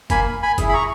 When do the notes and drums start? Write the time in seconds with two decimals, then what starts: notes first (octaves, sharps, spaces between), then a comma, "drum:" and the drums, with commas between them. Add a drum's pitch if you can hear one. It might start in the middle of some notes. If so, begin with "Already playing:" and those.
0.10 A#3 G#5 B5, drum: kick F#1, hi-hat
0.43 G#5 B5
0.58 E4 G#4, drum: kick F#1, hi-hat
0.69 B5
0.74 A#5 C#6